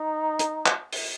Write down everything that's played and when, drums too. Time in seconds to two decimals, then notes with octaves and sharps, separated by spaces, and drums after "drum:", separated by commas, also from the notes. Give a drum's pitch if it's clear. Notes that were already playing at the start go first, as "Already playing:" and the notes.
Already playing: D#4
0.39 drum: hi-hat
0.66 drum: clap
0.93 drum: open hi-hat